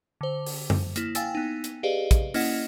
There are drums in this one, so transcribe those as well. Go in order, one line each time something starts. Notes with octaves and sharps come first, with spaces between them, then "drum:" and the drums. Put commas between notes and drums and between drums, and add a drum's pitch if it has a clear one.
D3 C5
drum: open hi-hat
drum: tom F#2
A#3 E4, drum: hi-hat
F5 G5 G#5 E6 A6, drum: hi-hat
B3 D#4
drum: hi-hat
G4 G#4 B4 D5 D#5 F5
drum: kick, hi-hat
A#3 C#4 E4 D#5 F#5, drum: open hi-hat